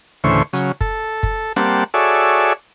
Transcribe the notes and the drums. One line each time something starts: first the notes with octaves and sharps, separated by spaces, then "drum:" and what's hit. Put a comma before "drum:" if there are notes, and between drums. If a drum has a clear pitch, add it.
D2 A2 C#3 E3 C5 C#6
C#3 F#3, drum: hi-hat
A4, drum: kick
drum: kick
G3 A#3 C4 F#5 A5, drum: snare
F#4 G#4 A4 C#5 D5 E5